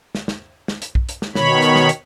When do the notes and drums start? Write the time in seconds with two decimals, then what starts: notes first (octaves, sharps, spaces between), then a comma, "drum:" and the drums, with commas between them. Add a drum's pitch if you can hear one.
0.15 drum: snare
0.28 drum: snare
0.68 drum: snare
0.82 drum: hi-hat
0.95 drum: kick
1.09 drum: hi-hat
1.22 drum: snare
1.35 B2 D#3 C#5 B5, drum: snare
1.62 drum: hi-hat
1.76 drum: snare
1.89 drum: hi-hat